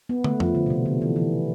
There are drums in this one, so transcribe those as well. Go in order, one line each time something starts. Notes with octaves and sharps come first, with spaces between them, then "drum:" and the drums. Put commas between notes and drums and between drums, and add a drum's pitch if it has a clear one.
B3
A3, drum: tom
F3, drum: tom F2
D3
B2
C3
D3
E3
E3